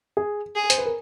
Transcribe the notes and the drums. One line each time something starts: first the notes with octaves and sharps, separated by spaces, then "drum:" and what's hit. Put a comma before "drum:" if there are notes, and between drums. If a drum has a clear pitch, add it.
G#4
G#4
C5, drum: hi-hat
B4
A#4